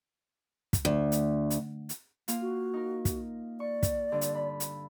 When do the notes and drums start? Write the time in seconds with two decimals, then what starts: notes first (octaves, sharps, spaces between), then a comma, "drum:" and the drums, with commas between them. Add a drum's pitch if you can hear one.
0.73 drum: kick, hi-hat
0.85 D2
1.12 drum: hi-hat
1.50 drum: hi-hat
1.89 drum: hi-hat
2.28 A#3 F4 F5, drum: hi-hat
2.41 F#4
2.73 D#4 A#4
3.05 drum: kick, hi-hat
3.60 D5 C#6
3.83 drum: kick, hi-hat
4.12 G2 D3
4.21 drum: hi-hat
4.35 B5
4.60 drum: hi-hat